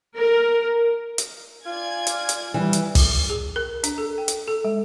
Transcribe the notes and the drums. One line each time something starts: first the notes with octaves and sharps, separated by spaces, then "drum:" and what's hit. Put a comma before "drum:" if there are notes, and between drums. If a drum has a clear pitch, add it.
A#4
drum: hi-hat
F4 D5 G#5 G#6
drum: hi-hat
drum: hi-hat
E3 G3
drum: hi-hat
drum: kick, open hi-hat
G#4
A#4
D4, drum: hi-hat
A4
G5
drum: hi-hat
A4
G#3